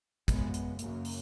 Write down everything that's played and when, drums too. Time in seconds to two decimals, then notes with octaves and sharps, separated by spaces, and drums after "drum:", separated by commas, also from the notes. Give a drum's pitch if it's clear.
0.28 F#2 C#3 G#3 B3, drum: kick, hi-hat
0.54 drum: hi-hat
0.79 F#2 C#3 F#3 A#3, drum: hi-hat
1.05 drum: open hi-hat